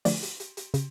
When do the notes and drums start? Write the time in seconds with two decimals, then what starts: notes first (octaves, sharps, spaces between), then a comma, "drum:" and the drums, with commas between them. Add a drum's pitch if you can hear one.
0.05 D3 F3 A3 D5, drum: open hi-hat
0.22 drum: hi-hat
0.40 drum: hi-hat
0.57 drum: hi-hat
0.74 C#3, drum: hi-hat